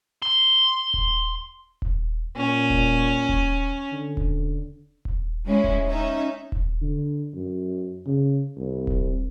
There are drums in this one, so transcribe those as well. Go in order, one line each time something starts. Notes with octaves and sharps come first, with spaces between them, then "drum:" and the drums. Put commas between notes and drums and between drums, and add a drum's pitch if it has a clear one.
C6
drum: kick D#1
drum: kick D#1
A#2 C#4
drum: kick D#1
drum: kick D#1
D3
drum: kick D#1
drum: kick D#1
G#3 C#4 E4
drum: kick D#1
C#4 D#4 E5
drum: kick D#1
D3
F#2
C#3
C2
drum: kick D#1